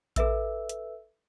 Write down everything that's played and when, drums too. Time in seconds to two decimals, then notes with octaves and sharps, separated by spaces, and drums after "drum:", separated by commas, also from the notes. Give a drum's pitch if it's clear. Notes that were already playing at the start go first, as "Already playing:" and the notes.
0.16 A4 B4 E5 E6, drum: kick A1, hi-hat
0.69 drum: hi-hat